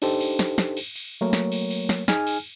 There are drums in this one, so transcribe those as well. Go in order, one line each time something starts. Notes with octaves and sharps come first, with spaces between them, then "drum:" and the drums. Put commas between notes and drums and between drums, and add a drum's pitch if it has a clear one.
D4 D#4 G4 A4 C5, drum: cymbal
drum: cymbal
drum: snare
drum: snare
drum: cymbal
drum: cymbal
F#3 A3 A#3 A#4 C#5
drum: snare
drum: cymbal
drum: cymbal
drum: snare
D#4 G#4 G#5 F6, drum: snare
drum: cymbal